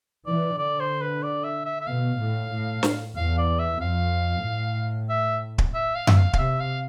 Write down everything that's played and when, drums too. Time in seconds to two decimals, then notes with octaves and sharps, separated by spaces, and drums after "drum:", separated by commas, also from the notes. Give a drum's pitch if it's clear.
0.26 E3 D5
0.58 D3 D5
0.80 C5
1.01 B4
1.23 D5
1.44 E5
1.65 E5
1.80 E5
1.87 B2 F5
2.19 A2
2.52 A2
2.83 drum: snare
3.16 E2 F5
3.38 D5
3.59 E5
3.81 F2 F5
4.45 A2
5.09 E5
5.58 drum: kick
5.74 E5
5.95 F5
6.07 E5, drum: tom F#2
6.17 F5
6.33 F5, drum: kick
6.38 C3 E5
6.60 F5